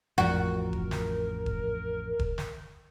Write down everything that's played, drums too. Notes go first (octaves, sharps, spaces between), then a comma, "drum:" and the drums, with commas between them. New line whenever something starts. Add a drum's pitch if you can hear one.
A1 F2 F3 F#4 A#4
drum: kick E1
drum: snare
drum: kick E1
drum: kick E1
drum: snare